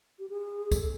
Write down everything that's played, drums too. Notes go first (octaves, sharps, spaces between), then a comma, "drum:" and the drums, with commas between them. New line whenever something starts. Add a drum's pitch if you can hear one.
G4
G#4
A4, drum: kick, tambourine